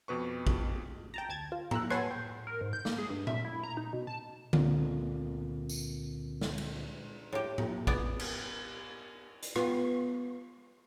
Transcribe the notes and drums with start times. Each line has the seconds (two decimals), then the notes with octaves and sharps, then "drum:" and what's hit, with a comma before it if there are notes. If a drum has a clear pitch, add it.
0.08 F2 B2 B4 C#6
0.47 drum: kick
1.14 G5 A5 A#5
1.29 D2 A5 G#6 A6
1.52 F4
1.71 A#5 E6 F#6, drum: tom
1.90 B4 C#5 F#5 G#5 A5 C6, drum: rim click
2.11 G5
2.47 A#4
2.61 G#2
2.73 G6
2.85 A#3, drum: snare
2.98 G#4
3.10 G2
3.27 E5, drum: tom A#2
3.45 E4
3.64 A#5
3.77 D#4
3.93 B2
4.07 A5
4.53 C#2 A#2 D3 C4, drum: tom D3
5.69 drum: tambourine
6.41 drum: snare
6.58 drum: cymbal
7.33 A2 G4
7.58 drum: tom
7.87 B3 G#4 D5, drum: kick
8.19 drum: cymbal
9.43 drum: hi-hat
9.56 B3 F4, drum: rim click